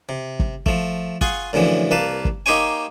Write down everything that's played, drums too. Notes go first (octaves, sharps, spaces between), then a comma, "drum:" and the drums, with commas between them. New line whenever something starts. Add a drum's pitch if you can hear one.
C3
drum: kick
F3 A3, drum: kick
F4 G#4 F#5 C#6, drum: kick
F#2 A2 D3 E3 F3
C2 A#3 B4 F5 A5
drum: kick
A#3 D#4 G4 C5 C#5 G#5